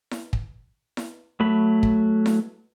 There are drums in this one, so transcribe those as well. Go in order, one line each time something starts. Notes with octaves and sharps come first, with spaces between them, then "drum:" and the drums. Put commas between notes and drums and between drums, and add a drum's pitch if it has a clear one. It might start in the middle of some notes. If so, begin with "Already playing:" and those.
drum: snare E4
drum: kick
drum: snare E4
F#3 A3 B5
drum: kick
drum: snare E4